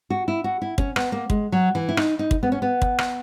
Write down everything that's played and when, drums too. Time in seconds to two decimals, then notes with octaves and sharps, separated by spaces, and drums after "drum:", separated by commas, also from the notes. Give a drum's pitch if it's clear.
0.10 F#4
0.28 E4
0.44 F#4
0.62 E4
0.78 C#4, drum: kick
0.96 B3, drum: rim click
1.12 A#3
1.30 G#3, drum: kick
1.52 F#3
1.75 E3
1.89 E4
1.97 D#4, drum: rim click
2.19 D#4
2.31 drum: kick
2.43 B3
2.52 C#4
2.62 B3
2.82 drum: kick
2.99 drum: rim click